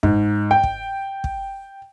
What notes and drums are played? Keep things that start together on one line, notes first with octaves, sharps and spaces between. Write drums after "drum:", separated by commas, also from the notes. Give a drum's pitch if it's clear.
G#2, drum: kick
G5
drum: kick
drum: kick